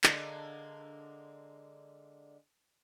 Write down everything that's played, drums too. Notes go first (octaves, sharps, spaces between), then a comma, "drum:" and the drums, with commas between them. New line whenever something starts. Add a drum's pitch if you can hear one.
D3 G#3 A#3, drum: clap